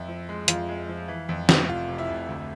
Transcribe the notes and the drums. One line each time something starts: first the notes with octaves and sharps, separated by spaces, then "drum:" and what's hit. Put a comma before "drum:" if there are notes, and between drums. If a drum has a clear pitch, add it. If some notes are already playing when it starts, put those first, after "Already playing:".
Already playing: F2 E4
F3
G#3
F2 F4, drum: hi-hat
G#3
F3
E3
F2
C3, drum: snare
F1 F4
C3
E4
F1
D2